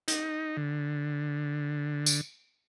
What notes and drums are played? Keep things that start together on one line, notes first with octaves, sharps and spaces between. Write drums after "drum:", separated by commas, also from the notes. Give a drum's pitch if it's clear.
D#4, drum: hi-hat
D3
drum: tambourine